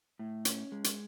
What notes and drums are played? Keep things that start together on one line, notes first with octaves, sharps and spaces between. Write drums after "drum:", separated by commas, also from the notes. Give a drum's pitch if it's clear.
A2
C#4, drum: hi-hat
G#3
drum: hi-hat